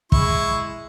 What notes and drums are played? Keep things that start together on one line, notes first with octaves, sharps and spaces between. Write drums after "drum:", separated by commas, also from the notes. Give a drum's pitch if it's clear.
G#3 E4 C#6, drum: kick